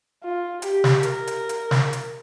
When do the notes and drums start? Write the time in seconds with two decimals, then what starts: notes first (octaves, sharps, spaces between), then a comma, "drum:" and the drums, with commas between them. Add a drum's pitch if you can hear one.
0.24 F4
0.62 G4, drum: hi-hat
0.84 drum: snare
1.03 A#4, drum: hi-hat
1.27 drum: hi-hat
1.49 drum: hi-hat
1.71 drum: snare
1.93 drum: hi-hat